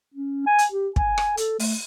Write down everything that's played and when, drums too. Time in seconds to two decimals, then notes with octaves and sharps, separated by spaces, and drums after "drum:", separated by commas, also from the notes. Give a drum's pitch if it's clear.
0.14 C#4
0.47 G#5
0.59 drum: hi-hat
0.72 G4
0.96 G#5, drum: kick
1.18 drum: rim click
1.37 A4, drum: hi-hat
1.59 A3, drum: open hi-hat